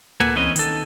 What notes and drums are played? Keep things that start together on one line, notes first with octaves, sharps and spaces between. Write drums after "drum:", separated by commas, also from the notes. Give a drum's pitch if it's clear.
A#2 A#3 A4 B4 F#5 G#5, drum: tom
E3 C4 C#4 B4 D#5
D#3 A4, drum: hi-hat